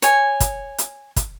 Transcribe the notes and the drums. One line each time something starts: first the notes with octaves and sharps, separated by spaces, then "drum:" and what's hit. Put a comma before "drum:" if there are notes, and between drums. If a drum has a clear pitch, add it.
C#5 G#5, drum: hi-hat
drum: kick, hi-hat
drum: hi-hat
drum: kick, hi-hat